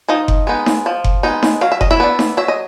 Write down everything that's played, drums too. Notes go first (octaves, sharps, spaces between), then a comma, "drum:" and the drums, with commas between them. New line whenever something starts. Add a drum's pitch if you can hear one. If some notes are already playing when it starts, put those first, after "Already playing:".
F3 D#4 D#5
drum: kick F#1
G#3 B3 D#4
drum: snare D#4
F3
drum: kick F#1
G#3 B3 D#4
drum: snare D#4
F#3 F5
E5
D#5, drum: kick F#1
E4 E5
B3 D4
drum: snare D#4
F#3 E5
D#5